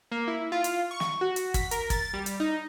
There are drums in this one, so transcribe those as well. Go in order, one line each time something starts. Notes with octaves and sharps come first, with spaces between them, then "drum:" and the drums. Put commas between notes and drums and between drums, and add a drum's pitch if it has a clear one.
A#3
E4
F4
drum: hi-hat
C#6
drum: snare
F#4
drum: hi-hat
B6, drum: kick, hi-hat
A#4, drum: hi-hat
A6, drum: kick, hi-hat
G3
drum: hi-hat
D#4